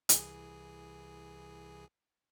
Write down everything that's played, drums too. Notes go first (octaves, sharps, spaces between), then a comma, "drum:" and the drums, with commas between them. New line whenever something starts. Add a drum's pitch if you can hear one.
C2 E3 G#4, drum: hi-hat